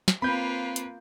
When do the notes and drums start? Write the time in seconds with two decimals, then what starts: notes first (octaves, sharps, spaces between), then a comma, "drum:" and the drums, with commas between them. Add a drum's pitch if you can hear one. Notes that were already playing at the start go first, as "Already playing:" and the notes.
0.08 drum: snare
0.22 A#3 C4 F4 B4 B5 G6
0.76 drum: hi-hat